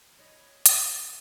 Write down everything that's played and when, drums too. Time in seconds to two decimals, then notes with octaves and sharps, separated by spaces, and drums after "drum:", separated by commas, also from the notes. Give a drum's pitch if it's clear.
0.19 C#5 D#5 B5
0.66 drum: hi-hat